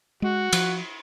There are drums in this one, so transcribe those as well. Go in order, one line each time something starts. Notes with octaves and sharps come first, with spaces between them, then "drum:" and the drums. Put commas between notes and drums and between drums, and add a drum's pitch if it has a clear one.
G#3 F#4
F3, drum: cymbal